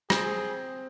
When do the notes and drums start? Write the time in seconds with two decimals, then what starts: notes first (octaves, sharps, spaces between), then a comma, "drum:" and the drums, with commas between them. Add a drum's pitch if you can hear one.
0.10 C4 G#4, drum: rim click